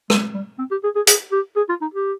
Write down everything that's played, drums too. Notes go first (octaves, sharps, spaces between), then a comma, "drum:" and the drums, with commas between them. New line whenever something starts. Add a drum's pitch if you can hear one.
G#3, drum: rim click
G3
C4
G4
G#4
G#4
G#4, drum: hi-hat
G4
G#4
F4
D#4
G4